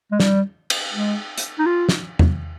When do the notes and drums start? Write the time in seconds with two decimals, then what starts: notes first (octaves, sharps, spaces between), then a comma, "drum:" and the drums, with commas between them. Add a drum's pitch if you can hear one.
0.12 G#3
0.20 G3, drum: snare
0.70 drum: cymbal
0.93 G#3
1.38 drum: hi-hat
1.59 D#4
1.66 F4
1.89 drum: snare
2.19 drum: tom E2